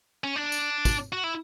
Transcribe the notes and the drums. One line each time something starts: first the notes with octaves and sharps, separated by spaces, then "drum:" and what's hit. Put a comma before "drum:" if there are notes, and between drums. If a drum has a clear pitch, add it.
C#4
D4
drum: tambourine
drum: kick, tambourine
F#4
E4